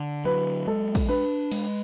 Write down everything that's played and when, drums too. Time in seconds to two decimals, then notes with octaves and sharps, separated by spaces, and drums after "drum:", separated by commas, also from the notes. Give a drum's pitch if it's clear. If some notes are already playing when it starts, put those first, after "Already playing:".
Already playing: D3
0.25 F#3 B4
0.67 G#3 A4
0.95 drum: kick, cymbal
1.09 D4 B4
1.51 G#3, drum: cymbal